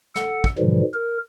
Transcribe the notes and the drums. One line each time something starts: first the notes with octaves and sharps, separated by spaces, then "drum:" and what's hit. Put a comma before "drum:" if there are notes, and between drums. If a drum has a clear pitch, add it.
A4 F#5, drum: snare
drum: kick
G#2 B2 D3 E3 F3 G3
A#4